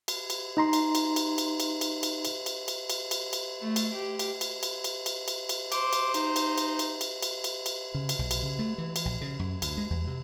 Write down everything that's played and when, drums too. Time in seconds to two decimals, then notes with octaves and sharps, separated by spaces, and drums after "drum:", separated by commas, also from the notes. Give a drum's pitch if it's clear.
0.08 drum: cymbal
0.30 drum: cymbal
0.57 D#4 A#5 C6
0.73 drum: cymbal
0.95 drum: cymbal
1.16 drum: cymbal
1.38 drum: cymbal
1.60 drum: cymbal
1.81 drum: cymbal
2.03 drum: cymbal
2.25 drum: cymbal
2.46 drum: cymbal
2.68 drum: cymbal
2.90 drum: cymbal
3.11 drum: cymbal
3.33 drum: cymbal
3.61 A3
3.76 drum: cymbal
3.94 G4
4.19 drum: cymbal
4.41 drum: cymbal
4.63 drum: cymbal
4.84 drum: cymbal
5.06 drum: cymbal
5.28 drum: cymbal
5.49 drum: cymbal
5.72 C5 D6, drum: cymbal
5.93 drum: cymbal
6.14 D#4, drum: cymbal
6.36 drum: cymbal
6.58 drum: cymbal
6.79 drum: cymbal
7.01 drum: cymbal
7.23 drum: cymbal
7.44 drum: cymbal
7.66 drum: cymbal
7.94 C#3
8.09 drum: cymbal
8.19 B1
8.31 drum: cymbal
8.43 C#3
8.59 A3
8.78 E3
8.96 drum: cymbal
9.05 A#1
9.21 C#3
9.39 F#2
9.62 D2, drum: cymbal
9.77 G#3
9.90 E2
10.07 C3